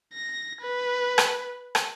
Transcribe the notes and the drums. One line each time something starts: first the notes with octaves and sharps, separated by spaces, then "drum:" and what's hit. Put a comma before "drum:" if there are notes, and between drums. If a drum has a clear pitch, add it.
A#6
B4
drum: rim click
drum: rim click